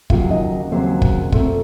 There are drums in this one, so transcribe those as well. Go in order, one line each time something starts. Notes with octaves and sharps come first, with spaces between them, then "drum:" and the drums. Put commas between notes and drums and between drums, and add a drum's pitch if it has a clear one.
D#2 C#3 F#3 A#3 F4 F5, drum: kick
D#4 D#5
D#2 C#3 F#3 A#3 C4 C5
drum: kick
A#2 A3 C4, drum: kick